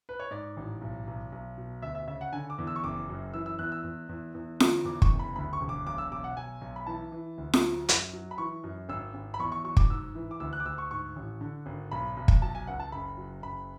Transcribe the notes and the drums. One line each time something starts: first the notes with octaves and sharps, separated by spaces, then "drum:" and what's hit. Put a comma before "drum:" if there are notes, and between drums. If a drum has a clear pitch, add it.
B4
C#5
G#2 D5
A1
B1
B1
B1
B2
D2 E5
E5
C#3 E5
F#5
D3 G#5
D6
E2
E6
C#6
F#1 D6
F#2
E3 E6
E6
E2 F#6
E6
E2
E2
E2
D3, drum: snare F4
E2 D6
C#6, drum: kick
F#1
B5
D2 B5
C#6
E1
D6
B1 D6
E6
B1 D6
F#5
B1 G#5
B1
B5
E3 A5
E3
D2
drum: snare F4
F#3
F#2, drum: hi-hat
F#3
B5
E3 C#6
F#2
G#1 E6
G#1
B5
E2 C#6
C#6
F#3 C#6
D6, drum: kick
G#2 E6
E3
D6
D2 E6
F#6
D6
D2 E6
C#6
G#2 C#6
A1
D3
G#1
B1 B5
B1
drum: kick
F#3 A5
G#5
C#2 F#5
A5
F#1 B5
F#3
F#1 B5